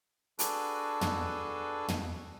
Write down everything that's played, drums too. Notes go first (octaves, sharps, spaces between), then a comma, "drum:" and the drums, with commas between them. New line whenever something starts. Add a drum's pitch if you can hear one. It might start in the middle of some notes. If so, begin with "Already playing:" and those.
D4 F#4 G#4 A4 B4, drum: hi-hat
drum: tom
drum: tom